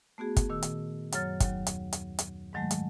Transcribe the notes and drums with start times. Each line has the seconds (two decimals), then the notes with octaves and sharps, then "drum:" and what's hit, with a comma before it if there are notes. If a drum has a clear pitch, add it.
0.18 A3 B3 F#4 G#4
0.36 drum: kick, hi-hat
0.49 A#2 D#3 E6
0.62 drum: hi-hat
1.12 F#2 F#3 C#5 F6 A6, drum: hi-hat
1.40 D#2 F#3, drum: kick, hi-hat
1.67 drum: hi-hat
1.93 drum: hi-hat
2.19 drum: hi-hat
2.53 G#2 D#3 F#3 G#3 A3
2.71 drum: hi-hat